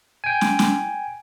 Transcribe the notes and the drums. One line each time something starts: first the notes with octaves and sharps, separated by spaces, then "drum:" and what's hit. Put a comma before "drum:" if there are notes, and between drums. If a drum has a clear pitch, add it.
G5 G#5
drum: snare
drum: snare